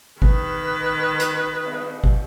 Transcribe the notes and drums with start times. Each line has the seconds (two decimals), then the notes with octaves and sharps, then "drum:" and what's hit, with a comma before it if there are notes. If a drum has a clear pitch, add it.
0.22 D#3 B4, drum: kick
1.20 drum: hi-hat
1.65 drum: cymbal
2.04 drum: kick